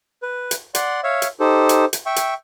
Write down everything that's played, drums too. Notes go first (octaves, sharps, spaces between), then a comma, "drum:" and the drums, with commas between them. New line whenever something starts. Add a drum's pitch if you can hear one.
B4
drum: hi-hat
D5 F#5 C6, drum: hi-hat
C#5 E5 F5
drum: hi-hat
D#4 G4 A4 C5
drum: hi-hat
drum: hi-hat
E5 G5 C#6
drum: hi-hat